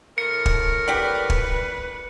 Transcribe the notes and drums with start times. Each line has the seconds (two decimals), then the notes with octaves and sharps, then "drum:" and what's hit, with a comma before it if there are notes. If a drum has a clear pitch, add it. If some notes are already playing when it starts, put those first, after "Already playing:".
0.18 A2 A#4 C#7
0.46 drum: kick
0.88 G4 B4 D5 F#5
1.30 drum: kick